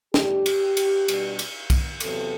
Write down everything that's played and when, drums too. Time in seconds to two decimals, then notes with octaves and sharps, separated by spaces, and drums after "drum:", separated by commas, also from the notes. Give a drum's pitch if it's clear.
0.14 A2 G3 D4 G4, drum: snare
0.46 drum: cymbal
0.77 drum: cymbal
1.08 B2 G3 D4, drum: cymbal
1.39 drum: cymbal
1.70 drum: kick B1, cymbal
2.00 E2 C3 F#3 B3 A4, drum: cymbal